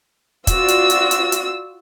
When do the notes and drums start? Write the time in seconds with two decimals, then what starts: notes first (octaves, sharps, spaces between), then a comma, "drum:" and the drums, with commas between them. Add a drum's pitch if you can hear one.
0.47 F4 F#4 D5 E6, drum: kick, hi-hat
0.68 drum: hi-hat
0.90 drum: hi-hat
1.11 drum: hi-hat
1.32 drum: hi-hat